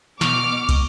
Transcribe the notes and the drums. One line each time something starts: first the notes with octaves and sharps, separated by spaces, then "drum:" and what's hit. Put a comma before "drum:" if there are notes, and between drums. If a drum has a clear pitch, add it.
B2 C#6 D6 F6, drum: snare
drum: kick, cymbal